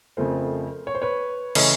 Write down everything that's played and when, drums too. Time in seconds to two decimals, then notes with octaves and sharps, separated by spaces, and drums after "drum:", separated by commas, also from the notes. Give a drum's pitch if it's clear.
0.17 F2 C#3 F3 A3 A#4 C5
0.87 C#5
0.95 C5
1.02 B4 C#5
1.55 C#3 E3 A3 C#5 D#5, drum: cymbal